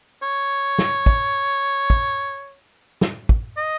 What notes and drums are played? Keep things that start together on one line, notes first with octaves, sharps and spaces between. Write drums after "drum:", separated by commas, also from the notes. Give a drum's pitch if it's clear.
C#5
drum: snare
drum: kick
drum: kick
drum: snare
drum: kick
D#5